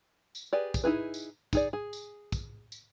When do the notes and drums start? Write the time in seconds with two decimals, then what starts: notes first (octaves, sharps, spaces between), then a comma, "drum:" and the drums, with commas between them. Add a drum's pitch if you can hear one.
0.35 drum: tambourine
0.53 G4 G#4 B4 D5
0.74 drum: kick, tambourine
0.84 D#4 E4 G#4 B4
1.14 drum: tambourine
1.53 D#4 G#4 D5, drum: kick, tambourine
1.73 G#4
1.93 drum: tambourine
2.32 drum: kick, tambourine
2.72 drum: tambourine